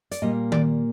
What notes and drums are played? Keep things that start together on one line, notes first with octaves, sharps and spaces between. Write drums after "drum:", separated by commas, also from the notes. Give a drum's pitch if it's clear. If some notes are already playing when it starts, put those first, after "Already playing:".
D5, drum: hi-hat
A#2 G3 A#3 D#5
D5, drum: tom D#3